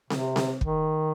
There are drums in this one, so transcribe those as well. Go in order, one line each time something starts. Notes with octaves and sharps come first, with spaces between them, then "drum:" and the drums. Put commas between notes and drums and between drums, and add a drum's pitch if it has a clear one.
C3, drum: snare C4
drum: snare C4
D#3, drum: kick